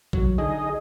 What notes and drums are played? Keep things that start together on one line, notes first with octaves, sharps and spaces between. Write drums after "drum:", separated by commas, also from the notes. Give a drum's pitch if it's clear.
F#3, drum: kick A1
D3 D#4 G#4 D#5